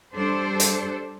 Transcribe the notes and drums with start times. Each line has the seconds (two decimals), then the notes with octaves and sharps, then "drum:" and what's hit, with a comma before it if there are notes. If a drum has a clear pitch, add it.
0.15 G3 D4 A4 C5
0.60 drum: hi-hat